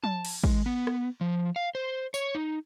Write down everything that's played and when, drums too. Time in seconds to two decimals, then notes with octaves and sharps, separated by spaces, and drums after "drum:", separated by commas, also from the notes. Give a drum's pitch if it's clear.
0.04 A5, drum: tom F3
0.25 drum: cymbal
0.44 G#3, drum: kick
0.66 B3
0.87 drum: rim click
1.21 F3
1.56 F5
1.75 C5
2.14 C#5, drum: tambourine
2.35 D#4